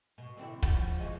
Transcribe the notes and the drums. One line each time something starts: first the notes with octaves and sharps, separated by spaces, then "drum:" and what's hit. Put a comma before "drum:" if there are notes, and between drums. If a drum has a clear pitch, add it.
B2
D3 C4 E4
F3 F#4, drum: kick, hi-hat
B2 E3 G#3